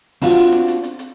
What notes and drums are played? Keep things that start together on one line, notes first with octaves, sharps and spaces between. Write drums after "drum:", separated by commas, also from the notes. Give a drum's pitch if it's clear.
C4 D4 F4 F#4, drum: open hi-hat
drum: hi-hat
drum: snare E4
drum: hi-hat
drum: hi-hat
drum: hi-hat